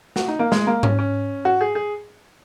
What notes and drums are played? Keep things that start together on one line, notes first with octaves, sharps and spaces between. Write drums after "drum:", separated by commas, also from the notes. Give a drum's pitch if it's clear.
F#4, drum: snare
D#4
A#3
G#3, drum: snare
A#3
C#4, drum: tom G#2
C#4
F#4
G#4
G#4